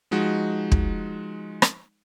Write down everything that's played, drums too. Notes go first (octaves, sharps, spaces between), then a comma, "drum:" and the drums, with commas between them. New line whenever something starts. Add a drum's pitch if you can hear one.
F3 G#3 D#4 F#4
drum: kick
drum: rim click